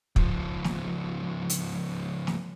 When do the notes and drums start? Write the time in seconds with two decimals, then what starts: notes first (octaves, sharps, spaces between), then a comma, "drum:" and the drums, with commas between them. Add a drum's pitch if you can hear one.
0.16 C#2 F3, drum: kick
0.64 drum: snare
1.50 drum: hi-hat
2.27 drum: snare